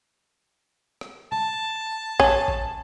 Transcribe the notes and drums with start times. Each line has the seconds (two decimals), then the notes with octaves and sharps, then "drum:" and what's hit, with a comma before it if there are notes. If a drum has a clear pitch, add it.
1.01 drum: rim click
1.32 A5, drum: tom
2.20 C#4, drum: kick
2.48 drum: kick